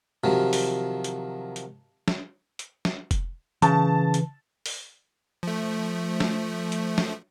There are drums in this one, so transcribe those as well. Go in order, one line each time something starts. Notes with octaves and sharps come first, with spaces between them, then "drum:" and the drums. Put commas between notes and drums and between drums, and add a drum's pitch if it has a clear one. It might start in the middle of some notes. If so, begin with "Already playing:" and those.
C3 D#3 F3 F#3
drum: open hi-hat
drum: hi-hat
drum: hi-hat
drum: snare
drum: hi-hat
drum: snare
drum: kick F1, hi-hat
C#3 E3 A5, drum: hi-hat
drum: hi-hat
drum: open hi-hat
F3 A3
drum: snare
drum: hi-hat
drum: snare